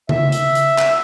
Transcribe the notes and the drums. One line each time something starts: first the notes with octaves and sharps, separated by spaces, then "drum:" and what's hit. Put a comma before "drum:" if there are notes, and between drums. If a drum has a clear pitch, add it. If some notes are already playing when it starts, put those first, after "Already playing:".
E5, drum: tom C#3
drum: hi-hat
drum: hi-hat
drum: clap